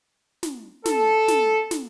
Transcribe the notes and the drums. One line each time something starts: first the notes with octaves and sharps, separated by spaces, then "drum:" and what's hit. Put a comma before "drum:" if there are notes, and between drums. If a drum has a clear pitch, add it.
drum: snare
A4, drum: snare
drum: snare
drum: snare